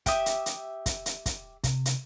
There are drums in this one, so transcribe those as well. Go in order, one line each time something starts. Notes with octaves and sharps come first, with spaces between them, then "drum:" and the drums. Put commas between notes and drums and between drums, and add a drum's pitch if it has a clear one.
G4 E5 D#6, drum: kick, hi-hat
drum: hi-hat
drum: hi-hat
drum: kick, hi-hat
drum: hi-hat
drum: kick, hi-hat
C3, drum: kick, hi-hat
drum: hi-hat